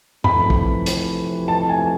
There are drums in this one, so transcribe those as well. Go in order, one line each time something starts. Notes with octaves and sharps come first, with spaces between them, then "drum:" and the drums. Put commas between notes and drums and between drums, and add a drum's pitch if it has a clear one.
F2 C3 E3 A3 B5, drum: tom G2
drum: kick
drum: hi-hat
A5
G#5